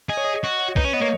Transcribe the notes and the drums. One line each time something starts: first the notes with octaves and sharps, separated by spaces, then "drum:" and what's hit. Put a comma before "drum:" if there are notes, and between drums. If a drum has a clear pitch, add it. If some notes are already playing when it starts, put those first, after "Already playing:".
G#4 D#5
C#5
D#5
F#4
D#4 B4, drum: kick B1
C#4 C#5
B3 D#5
A#3 C#5